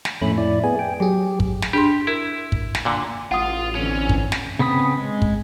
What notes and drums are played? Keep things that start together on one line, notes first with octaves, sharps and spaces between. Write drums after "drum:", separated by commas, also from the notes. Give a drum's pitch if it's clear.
drum: snare
F2 A2 A3 C#4 B5
E4 D5
B3 G#4 G#5
G5
F#3 G4 G#4
drum: kick
drum: snare
D4 G4 G#4 C6
E4 A#4
drum: kick
drum: snare
A#2 D3
A1 F4 F#5 D#6
D3 E3 C4 C#4
drum: kick
drum: snare
C#3 B3 C4 B5 D#6
G#3
drum: kick